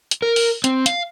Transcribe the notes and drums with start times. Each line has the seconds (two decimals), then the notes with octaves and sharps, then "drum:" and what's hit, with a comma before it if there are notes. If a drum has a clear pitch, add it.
0.11 drum: hi-hat
0.22 A#4
0.36 drum: open hi-hat
0.64 C4, drum: hi-hat
0.86 F5, drum: hi-hat